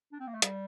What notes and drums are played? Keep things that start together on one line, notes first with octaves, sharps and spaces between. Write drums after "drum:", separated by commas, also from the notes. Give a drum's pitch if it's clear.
D4
C4
A#3
A3
G3, drum: hi-hat